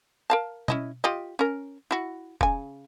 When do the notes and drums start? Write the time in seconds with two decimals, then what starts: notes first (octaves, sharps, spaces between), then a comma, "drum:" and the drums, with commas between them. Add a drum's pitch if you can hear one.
0.30 A#4 F5 A5
0.68 C#4 E4 D#5, drum: tom B2
1.04 F4 G4 D#5
1.39 C#4 A#4
1.91 E4 F#4
2.41 C#3 G#5, drum: kick F1